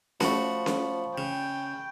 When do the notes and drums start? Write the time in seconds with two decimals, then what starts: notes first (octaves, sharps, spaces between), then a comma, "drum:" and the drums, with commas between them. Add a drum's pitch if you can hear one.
0.20 F3 A3 F#4 B5 C#6, drum: snare C#4
0.66 drum: snare C#4
1.18 C#3 G5